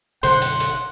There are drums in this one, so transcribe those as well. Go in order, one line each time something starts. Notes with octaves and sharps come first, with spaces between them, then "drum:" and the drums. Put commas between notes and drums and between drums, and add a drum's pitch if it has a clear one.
F#1 B2 D3 C5 F#5 C6, drum: hi-hat
drum: hi-hat
drum: hi-hat